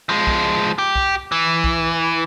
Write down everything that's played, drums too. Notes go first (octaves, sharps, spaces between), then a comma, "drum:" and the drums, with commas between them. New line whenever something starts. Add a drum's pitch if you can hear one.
F3 G#3
drum: kick
G4
drum: kick
E3
drum: kick